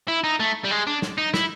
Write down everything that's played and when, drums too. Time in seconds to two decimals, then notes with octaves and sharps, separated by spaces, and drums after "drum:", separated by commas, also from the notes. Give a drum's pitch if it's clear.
0.08 E4
0.24 D#4
0.40 A3
0.64 G3
0.71 G#3
0.87 D4
1.02 drum: snare
1.18 D#4
1.34 E4, drum: snare